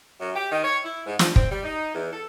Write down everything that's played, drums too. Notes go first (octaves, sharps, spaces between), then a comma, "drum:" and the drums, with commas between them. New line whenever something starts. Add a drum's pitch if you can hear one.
F#2
G4
D#3
C#5
E4
G#2
F3, drum: snare
C4, drum: kick
G3
D#4
E2
A4